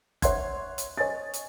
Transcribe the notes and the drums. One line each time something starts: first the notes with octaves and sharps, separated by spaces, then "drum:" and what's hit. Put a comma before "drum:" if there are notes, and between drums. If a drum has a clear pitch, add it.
C#5 E5 F#5 C6 G#6, drum: kick G1, hi-hat
drum: hi-hat
C#5 D#5 G#5 A6
drum: hi-hat